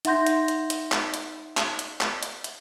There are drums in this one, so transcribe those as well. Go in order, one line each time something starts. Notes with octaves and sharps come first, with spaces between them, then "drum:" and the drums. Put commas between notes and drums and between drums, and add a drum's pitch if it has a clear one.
D#4 E5 F#5 C6 G6 A#6, drum: hi-hat
drum: hi-hat
drum: hi-hat
drum: hi-hat
drum: clap
drum: hi-hat
drum: clap
drum: hi-hat
drum: clap
drum: hi-hat
drum: hi-hat